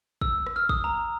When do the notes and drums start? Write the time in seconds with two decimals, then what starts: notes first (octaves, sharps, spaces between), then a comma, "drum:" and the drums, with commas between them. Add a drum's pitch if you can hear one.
0.21 E6, drum: kick
0.46 drum: rim click
0.56 F6
0.69 D#6, drum: kick
0.84 A#5